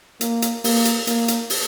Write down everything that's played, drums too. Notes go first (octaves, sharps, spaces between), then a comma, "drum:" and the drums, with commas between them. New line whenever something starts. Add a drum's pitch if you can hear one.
A#3, drum: hi-hat
drum: hi-hat
A#3, drum: open hi-hat
drum: hi-hat
A#3, drum: hi-hat
drum: hi-hat
drum: open hi-hat